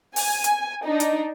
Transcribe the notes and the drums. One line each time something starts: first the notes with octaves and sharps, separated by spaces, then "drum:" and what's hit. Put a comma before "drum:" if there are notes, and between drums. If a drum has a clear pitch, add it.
G#5, drum: open hi-hat
drum: hi-hat
D4 D#4
drum: hi-hat